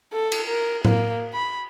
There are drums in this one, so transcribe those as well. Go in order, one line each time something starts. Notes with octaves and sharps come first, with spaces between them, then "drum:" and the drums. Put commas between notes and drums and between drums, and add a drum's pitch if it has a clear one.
A4
drum: cymbal
A#4
A#3, drum: tom A2
B5